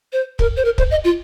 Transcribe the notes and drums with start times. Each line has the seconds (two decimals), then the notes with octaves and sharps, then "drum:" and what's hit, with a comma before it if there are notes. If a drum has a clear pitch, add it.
0.13 C5
0.39 A#4, drum: kick
0.57 C5
0.65 A#4
0.78 C5, drum: kick
0.91 D#5
1.04 F4